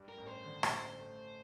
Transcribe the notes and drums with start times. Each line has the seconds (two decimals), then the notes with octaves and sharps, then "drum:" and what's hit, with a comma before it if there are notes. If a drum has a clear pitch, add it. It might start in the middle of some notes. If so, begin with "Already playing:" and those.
Already playing: G2 G4
0.09 A#4
0.18 A1
0.27 C5
0.45 D3
0.63 drum: rim click
0.72 A1
0.99 A3